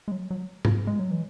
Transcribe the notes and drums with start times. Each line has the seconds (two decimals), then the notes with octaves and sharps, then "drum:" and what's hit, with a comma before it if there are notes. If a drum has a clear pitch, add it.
0.08 G#3
0.12 F#3
0.31 F#3
0.65 drum: tom G#2
0.87 G#3
0.99 F#3
1.11 E3